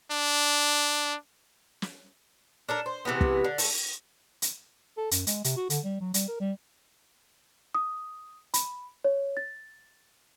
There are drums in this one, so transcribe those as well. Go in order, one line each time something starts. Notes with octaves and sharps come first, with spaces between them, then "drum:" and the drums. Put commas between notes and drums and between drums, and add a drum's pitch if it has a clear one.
D4
drum: snare
D4 A4 A#4
C5
C3 E3 G#3 B3
drum: kick
D3
A3, drum: open hi-hat
drum: hi-hat
A4
F#2, drum: hi-hat
G#3, drum: hi-hat
C3, drum: hi-hat
F#4
D3, drum: hi-hat
G3
F#3
G3, drum: hi-hat
A#4
G3
D#6
B5, drum: hi-hat
C#5
A6